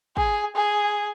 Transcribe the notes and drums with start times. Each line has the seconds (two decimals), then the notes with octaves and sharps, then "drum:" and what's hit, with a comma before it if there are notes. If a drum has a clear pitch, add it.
0.17 G#4, drum: kick
0.55 G#4